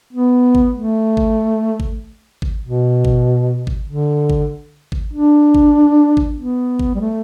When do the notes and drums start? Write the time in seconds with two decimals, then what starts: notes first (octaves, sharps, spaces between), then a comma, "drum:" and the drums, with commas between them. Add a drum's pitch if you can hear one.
0.13 B3
0.55 drum: kick G#1
0.75 A3
1.17 drum: kick G#1
1.80 drum: kick G#1
2.42 drum: kick G#1
2.63 B2
3.05 drum: kick G#1
3.67 drum: kick G#1
3.88 D3
4.30 drum: kick G#1
4.92 drum: kick G#1
5.13 D4
5.55 drum: kick G#1
6.17 drum: kick G#1
6.38 B3
6.79 drum: kick G#1
6.95 G3
7.00 A3